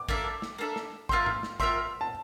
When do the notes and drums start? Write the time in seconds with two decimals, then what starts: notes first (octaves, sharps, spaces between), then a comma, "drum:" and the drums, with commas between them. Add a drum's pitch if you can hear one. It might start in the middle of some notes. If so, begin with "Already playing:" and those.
Already playing: D6
0.09 A#3 D4 A4 E5, drum: kick A1
0.42 drum: snare
0.58 A#3 D4 A4 E5
0.76 drum: snare
1.09 F4 A#4 E5 G5 C6, drum: kick A1
1.26 drum: tom G#2
1.43 drum: snare
1.60 F4 A#4 E5 G5 C6, drum: kick A1
2.01 A5